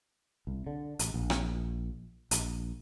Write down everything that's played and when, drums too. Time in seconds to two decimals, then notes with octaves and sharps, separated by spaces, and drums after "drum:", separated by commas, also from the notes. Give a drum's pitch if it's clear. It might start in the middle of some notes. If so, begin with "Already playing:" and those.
0.47 C2
0.67 D3
0.99 A1, drum: hi-hat
1.14 A#1
1.30 drum: rim click
2.31 A#1, drum: hi-hat